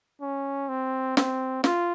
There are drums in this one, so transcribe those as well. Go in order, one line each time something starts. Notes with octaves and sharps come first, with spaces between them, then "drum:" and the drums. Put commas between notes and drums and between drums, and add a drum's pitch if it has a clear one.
C#4
C4
C4, drum: snare
F4, drum: snare